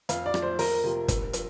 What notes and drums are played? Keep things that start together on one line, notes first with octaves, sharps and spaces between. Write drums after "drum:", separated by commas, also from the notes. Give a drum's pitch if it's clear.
F2 F5, drum: hi-hat
D5
F3, drum: rim click
C5
F2 A#4, drum: open hi-hat
C3 F3
G2, drum: kick, hi-hat
F3, drum: hi-hat